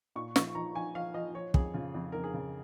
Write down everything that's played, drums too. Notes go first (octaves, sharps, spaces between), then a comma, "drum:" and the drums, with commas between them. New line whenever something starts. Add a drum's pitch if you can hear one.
A#2 C#6
F3 C#6, drum: snare
F3 A#5
F3 G#5
F3 F5
F3 D#5
F3 C#5
F2 G#4, drum: kick
C#3 F4
F2
F2 A#4
G#4
C#3